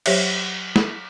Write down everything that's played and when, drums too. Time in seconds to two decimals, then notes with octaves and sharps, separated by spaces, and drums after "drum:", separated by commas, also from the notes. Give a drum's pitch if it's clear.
0.06 F#3 G4 C5 C#5 E5, drum: cymbal
0.76 drum: snare